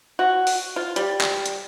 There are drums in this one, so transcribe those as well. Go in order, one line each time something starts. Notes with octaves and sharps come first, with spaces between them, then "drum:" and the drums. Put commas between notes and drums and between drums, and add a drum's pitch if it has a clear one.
F#4
drum: open hi-hat
F4
G3, drum: hi-hat
drum: clap
drum: hi-hat